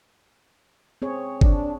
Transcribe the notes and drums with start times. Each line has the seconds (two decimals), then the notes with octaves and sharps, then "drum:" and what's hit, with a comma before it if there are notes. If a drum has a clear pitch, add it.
1.02 C4 G#4 C#5
1.41 D4, drum: kick G1